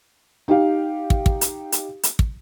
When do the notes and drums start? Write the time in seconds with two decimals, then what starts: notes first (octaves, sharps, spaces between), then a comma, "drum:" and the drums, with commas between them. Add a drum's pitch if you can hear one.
0.48 D#4 G4 F5
1.10 drum: kick
1.26 drum: kick
1.41 drum: hi-hat
1.72 drum: hi-hat
2.03 drum: hi-hat
2.19 drum: kick